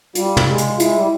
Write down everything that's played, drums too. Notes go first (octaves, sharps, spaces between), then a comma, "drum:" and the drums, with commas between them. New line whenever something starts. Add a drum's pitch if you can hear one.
G3 F4, drum: hi-hat
drum: tom
G#3
drum: hi-hat
G#3 E4, drum: hi-hat
G3